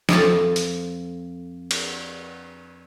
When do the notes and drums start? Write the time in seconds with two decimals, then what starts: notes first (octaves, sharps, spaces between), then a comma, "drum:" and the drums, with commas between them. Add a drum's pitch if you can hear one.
0.09 F2 A4 C5 A5, drum: snare
0.56 drum: hi-hat
1.71 drum: cymbal